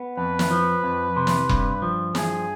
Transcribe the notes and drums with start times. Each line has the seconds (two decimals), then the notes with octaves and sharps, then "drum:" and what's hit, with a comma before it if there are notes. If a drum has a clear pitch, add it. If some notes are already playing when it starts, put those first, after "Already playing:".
Already playing: B3
0.17 F2 B4
0.39 drum: snare
0.51 F3
0.84 F2
1.16 C3
1.27 drum: snare
1.49 G2, drum: kick E1
1.82 F3
2.15 G2 G#4, drum: snare